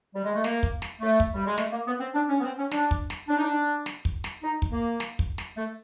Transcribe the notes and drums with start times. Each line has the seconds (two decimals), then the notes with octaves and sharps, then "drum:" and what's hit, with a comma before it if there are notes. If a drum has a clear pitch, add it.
0.15 G3
0.24 G#3
0.35 A3
0.44 A#3, drum: snare
0.63 drum: kick
0.82 drum: snare
1.01 A3
1.20 drum: kick
1.34 G3
1.46 G#3
1.58 A3, drum: snare
1.72 A#3
1.87 B3
2.00 C4
2.15 D4
2.29 C#4
2.40 B3
2.44 C4
2.58 C#4
2.71 D4, drum: snare
2.91 drum: kick
3.10 drum: snare
3.28 D4
3.37 D#4
3.44 D4
3.86 drum: snare
4.05 drum: kick
4.24 drum: snare
4.43 D#4
4.62 drum: kick
4.71 A#3
5.00 drum: snare
5.19 drum: kick
5.38 drum: snare
5.57 A3